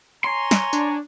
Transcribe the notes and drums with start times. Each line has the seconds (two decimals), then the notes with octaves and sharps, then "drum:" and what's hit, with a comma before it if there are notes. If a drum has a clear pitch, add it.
0.24 C#5 G#5 A#5 C6
0.51 drum: snare
0.73 D4, drum: tambourine